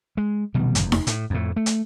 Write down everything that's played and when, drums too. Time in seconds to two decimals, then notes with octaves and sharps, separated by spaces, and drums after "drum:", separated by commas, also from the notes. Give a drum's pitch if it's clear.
0.17 G#3
0.54 F1 B2 D#3 G3
0.75 F1 E2, drum: hi-hat
0.92 drum: snare D#4
1.07 A2, drum: hi-hat
1.30 F2 A2
1.56 A3
1.66 drum: hi-hat